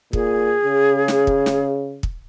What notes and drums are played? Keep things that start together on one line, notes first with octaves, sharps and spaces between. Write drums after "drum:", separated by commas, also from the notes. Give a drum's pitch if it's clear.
A#2 G#4, drum: kick
C#3
drum: snare
drum: kick
drum: snare
drum: kick